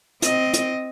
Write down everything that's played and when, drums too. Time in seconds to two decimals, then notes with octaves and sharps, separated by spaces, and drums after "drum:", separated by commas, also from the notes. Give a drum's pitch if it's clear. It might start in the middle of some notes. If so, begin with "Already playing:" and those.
0.22 C4 D#5, drum: hi-hat
0.53 drum: hi-hat